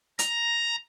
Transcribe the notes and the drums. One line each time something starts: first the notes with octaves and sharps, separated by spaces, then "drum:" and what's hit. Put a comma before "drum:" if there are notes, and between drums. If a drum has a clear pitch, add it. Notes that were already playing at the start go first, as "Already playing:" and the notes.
A#5, drum: hi-hat